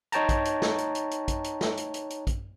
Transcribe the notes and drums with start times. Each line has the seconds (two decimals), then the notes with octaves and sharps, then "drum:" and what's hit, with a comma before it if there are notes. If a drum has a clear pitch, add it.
0.12 D#4 C#5 G5 A5 A#5, drum: hi-hat
0.29 drum: kick, hi-hat
0.45 drum: hi-hat
0.62 drum: snare
0.78 drum: hi-hat
0.95 drum: hi-hat
1.11 drum: hi-hat
1.28 drum: kick, hi-hat
1.44 drum: hi-hat
1.61 drum: snare
1.77 drum: hi-hat
1.94 drum: hi-hat
2.10 drum: hi-hat
2.27 drum: kick, hi-hat